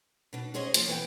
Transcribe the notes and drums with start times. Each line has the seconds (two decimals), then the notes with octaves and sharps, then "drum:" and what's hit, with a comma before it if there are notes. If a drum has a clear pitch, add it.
0.33 B2 D4
0.54 C#4 G#4 C5 C#5 D#5
0.74 F3 A#3 F4, drum: hi-hat
0.88 E3 B3 F5 G5